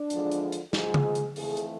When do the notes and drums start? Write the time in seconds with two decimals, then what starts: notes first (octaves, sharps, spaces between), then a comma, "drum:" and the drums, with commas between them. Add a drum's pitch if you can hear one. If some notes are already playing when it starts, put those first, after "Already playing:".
Already playing: D4
0.10 E2 D3 F3 G#3, drum: hi-hat
0.32 drum: hi-hat
0.52 drum: hi-hat
0.73 G#2 F3 G#3 G#4, drum: snare
0.94 drum: tom
1.15 drum: hi-hat
1.36 F2 E3 A3 G#4, drum: open hi-hat
1.57 drum: hi-hat